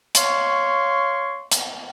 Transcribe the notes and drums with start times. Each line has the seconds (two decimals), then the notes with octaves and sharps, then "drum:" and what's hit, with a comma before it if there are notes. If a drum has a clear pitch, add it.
0.15 C#5 F5 C6 C#6, drum: hi-hat
1.52 drum: hi-hat